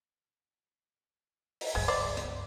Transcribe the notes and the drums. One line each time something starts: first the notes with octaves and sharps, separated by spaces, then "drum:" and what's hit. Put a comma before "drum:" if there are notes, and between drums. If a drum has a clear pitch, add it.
drum: open hi-hat
C#2 G2 G#3
C5 D5
drum: hi-hat